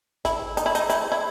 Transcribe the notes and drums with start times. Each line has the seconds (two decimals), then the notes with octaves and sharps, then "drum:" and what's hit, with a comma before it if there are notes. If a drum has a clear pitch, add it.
0.25 E4, drum: snare G#1
0.57 D#4, drum: hi-hat
0.66 E4
0.75 D#4, drum: hi-hat
0.90 E4, drum: hi-hat
1.12 E4